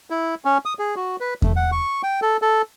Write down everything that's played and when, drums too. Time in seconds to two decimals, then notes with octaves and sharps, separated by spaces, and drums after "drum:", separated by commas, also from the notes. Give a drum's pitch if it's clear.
0.10 E4
0.45 C#4
0.65 D#6
0.79 G#4
0.96 F#4
1.20 B4
1.42 A3, drum: kick E2
1.56 F#5
1.72 C#6
2.03 G5
2.22 A4
2.42 A4